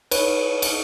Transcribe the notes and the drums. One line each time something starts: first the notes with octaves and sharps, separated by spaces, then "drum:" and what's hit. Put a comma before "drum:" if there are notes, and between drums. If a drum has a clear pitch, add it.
B4 C#5, drum: cymbal
drum: cymbal